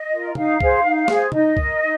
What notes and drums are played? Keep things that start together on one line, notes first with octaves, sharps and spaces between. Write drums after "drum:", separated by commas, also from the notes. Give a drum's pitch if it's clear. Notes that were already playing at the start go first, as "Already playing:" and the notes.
Already playing: D#5
F4 A#4
D#4 F5, drum: tom
G#4 C5, drum: kick
D#4
G#4 C5, drum: snare
D#4 D#5, drum: tom
A#4, drum: kick
D#4